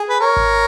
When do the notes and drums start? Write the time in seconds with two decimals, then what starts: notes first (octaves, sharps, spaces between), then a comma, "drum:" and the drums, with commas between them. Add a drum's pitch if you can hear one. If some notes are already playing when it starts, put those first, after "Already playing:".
Already playing: G#4
0.09 B4
0.20 A#4 C#5
0.37 drum: kick G#1